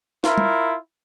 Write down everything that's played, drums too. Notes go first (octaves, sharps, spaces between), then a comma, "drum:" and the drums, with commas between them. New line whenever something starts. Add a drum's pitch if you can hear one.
E4 F4 A#4, drum: snare
drum: tom